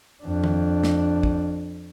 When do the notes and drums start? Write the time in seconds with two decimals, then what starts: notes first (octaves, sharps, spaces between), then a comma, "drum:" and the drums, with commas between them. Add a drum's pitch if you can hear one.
0.24 F2 D4
0.44 drum: tom D#3
0.83 drum: snare
1.23 drum: kick A1